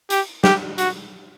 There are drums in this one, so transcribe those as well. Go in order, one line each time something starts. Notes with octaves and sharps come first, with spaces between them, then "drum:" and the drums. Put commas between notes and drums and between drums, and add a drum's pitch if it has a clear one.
G4, drum: hi-hat
G4, drum: snare
F#4, drum: hi-hat